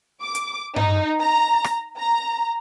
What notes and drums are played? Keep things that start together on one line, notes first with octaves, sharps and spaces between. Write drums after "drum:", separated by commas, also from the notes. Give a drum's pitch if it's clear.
D6
drum: hi-hat
D#4, drum: tom G2
A#5
drum: rim click
A#5